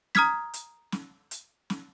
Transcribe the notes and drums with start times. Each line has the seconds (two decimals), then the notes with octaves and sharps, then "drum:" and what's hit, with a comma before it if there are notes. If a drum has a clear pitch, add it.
0.15 A#5 D#6 F6 G#6 B6, drum: snare
0.54 drum: hi-hat
0.92 drum: snare
1.31 drum: hi-hat
1.70 drum: snare